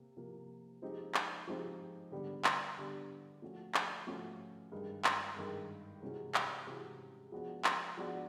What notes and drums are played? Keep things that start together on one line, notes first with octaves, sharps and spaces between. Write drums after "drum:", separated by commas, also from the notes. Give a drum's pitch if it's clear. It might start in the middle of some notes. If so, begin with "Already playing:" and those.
Already playing: C3 A#3
C3 F3 A#3
F3 G#3 C4 D#4 G4
drum: clap
F3 G#3 C4 D#4 G4
D3 G3 B3 D4 G4
drum: clap
D3 G3 B3 D4 G4
F3 A3 C#4 F#4
drum: clap
F3 A3 C#4 F#4
G2 D#3 G#3
drum: clap
G2 D#3 G#3
C3 E3 G#3 C#4 F#4
drum: clap
C3 E3 G#3 C#4 F#4
F3 G#3 B3 D4 F#4
drum: clap
F3 G#3 B3 D4 F#4